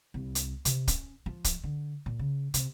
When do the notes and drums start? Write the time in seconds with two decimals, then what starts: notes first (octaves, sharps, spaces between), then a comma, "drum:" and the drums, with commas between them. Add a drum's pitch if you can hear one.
0.14 C2
0.35 drum: hi-hat
0.65 C3, drum: hi-hat
0.88 C#4, drum: kick, hi-hat
1.26 F3
1.44 drum: kick, hi-hat
1.63 D3
2.06 A#2
2.19 C#3
2.54 C3, drum: hi-hat